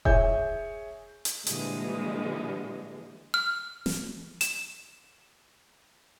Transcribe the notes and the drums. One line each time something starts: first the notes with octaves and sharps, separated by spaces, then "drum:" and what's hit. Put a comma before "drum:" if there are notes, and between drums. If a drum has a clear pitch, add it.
G#4 C#5 E5 G#5 G6, drum: kick E1
drum: hi-hat
A#2 D3 E3 F3 G3 G#3, drum: hi-hat
F6
drum: snare
E7, drum: hi-hat